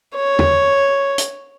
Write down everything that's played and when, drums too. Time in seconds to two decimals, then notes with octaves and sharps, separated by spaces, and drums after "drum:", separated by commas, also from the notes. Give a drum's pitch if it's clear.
0.16 C#5
0.39 drum: tom
1.18 drum: hi-hat